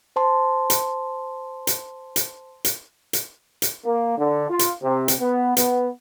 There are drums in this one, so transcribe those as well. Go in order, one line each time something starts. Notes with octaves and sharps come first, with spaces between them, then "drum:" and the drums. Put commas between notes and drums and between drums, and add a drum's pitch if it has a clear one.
C5 A5 C6
drum: hi-hat
drum: hi-hat
drum: hi-hat
drum: hi-hat
drum: hi-hat
drum: hi-hat
A#3
D3
F4
drum: hi-hat
C3
drum: hi-hat
B3
B3, drum: hi-hat